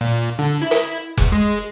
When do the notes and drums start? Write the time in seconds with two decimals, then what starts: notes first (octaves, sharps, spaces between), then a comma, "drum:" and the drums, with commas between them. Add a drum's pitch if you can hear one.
0.01 A#2
0.39 D3
0.62 E4
0.71 drum: hi-hat
1.18 E2, drum: kick F1
1.32 G#3